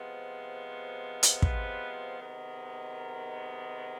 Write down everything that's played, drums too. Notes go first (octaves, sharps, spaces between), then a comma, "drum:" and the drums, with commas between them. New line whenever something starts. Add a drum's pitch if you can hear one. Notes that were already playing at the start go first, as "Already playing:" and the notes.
Already playing: C3 F3 G#3 B3
drum: hi-hat
B4, drum: kick
C3 D#3 G#3 B3
A#4